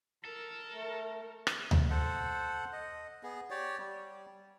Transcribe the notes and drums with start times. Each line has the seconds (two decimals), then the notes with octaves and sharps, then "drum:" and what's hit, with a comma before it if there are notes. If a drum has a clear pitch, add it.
0.25 A4 A#4
0.74 A3
1.47 drum: rim click
1.71 drum: tom D2
1.90 A4 C5 F#5
2.73 D#5
3.23 B3 G#4
3.50 G4 C#5 D5
3.78 G3